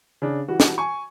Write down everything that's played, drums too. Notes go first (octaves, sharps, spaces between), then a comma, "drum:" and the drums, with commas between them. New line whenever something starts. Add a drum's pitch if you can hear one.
C#3 D4
E3 G3 F#4
drum: snare
G#5 C#6